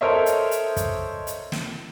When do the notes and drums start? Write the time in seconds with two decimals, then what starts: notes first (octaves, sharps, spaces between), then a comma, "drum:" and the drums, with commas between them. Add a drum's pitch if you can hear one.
0.01 A4 A#4 C5 C#5 D#5 E5
0.26 drum: hi-hat
0.51 drum: hi-hat
0.76 drum: kick, hi-hat
1.27 drum: hi-hat
1.52 drum: snare